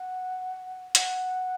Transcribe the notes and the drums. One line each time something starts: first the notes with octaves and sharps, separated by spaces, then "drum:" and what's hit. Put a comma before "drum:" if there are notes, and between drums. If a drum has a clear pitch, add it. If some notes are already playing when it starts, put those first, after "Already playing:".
Already playing: F#5
F#5, drum: hi-hat